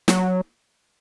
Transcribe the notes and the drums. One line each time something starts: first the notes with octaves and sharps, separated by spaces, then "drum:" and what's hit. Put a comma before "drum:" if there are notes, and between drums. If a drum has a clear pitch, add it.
F#3, drum: snare